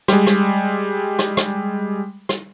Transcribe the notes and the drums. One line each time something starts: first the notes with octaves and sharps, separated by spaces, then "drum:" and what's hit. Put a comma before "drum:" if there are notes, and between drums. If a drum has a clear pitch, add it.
G3 G#3, drum: rim click
drum: rim click
drum: rim click
drum: rim click
drum: rim click